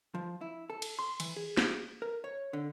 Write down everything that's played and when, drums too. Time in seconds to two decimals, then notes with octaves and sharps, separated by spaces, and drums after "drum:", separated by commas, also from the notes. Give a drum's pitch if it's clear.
0.15 F3
0.41 E4
0.70 A4
0.82 drum: cymbal
0.99 C6
1.20 E3, drum: cymbal
1.36 G#4
1.57 drum: snare
2.02 A#4
2.24 C#5
2.53 D3